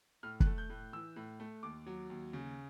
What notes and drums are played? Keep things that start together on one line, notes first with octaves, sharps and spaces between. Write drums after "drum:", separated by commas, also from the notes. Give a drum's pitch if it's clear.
A2 F6
F#6, drum: kick
A3
G6
A2
E3 E6
A2
A3
D#2 D6
F#3
D#2
C#3